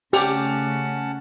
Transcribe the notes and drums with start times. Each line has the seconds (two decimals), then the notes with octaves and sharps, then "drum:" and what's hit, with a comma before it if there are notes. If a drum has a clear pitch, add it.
0.13 C#3 A3 C#4 G4 F#5 A5, drum: open hi-hat